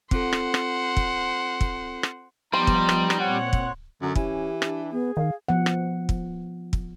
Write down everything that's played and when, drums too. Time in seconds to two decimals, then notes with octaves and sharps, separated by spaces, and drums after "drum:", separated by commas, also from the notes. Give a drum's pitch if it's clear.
0.11 C4 F4 A4 C5 F#5, drum: kick
0.33 drum: rim click
0.54 drum: rim click
0.97 drum: kick
1.61 drum: kick
2.03 drum: rim click
2.53 F3 G3 B3 D#4 A#5 C6
2.67 drum: kick
2.89 drum: rim click
3.10 drum: rim click
3.20 A#2 C4 C#5 F#5 F#6
3.53 drum: kick
4.02 F#2 D3
4.15 E3 C#4 G4, drum: kick
4.62 D4, drum: rim click
4.93 B3 G#4
5.17 D#3 F5
5.49 F3 B3 F#5
5.66 drum: rim click
6.09 drum: kick
6.73 drum: kick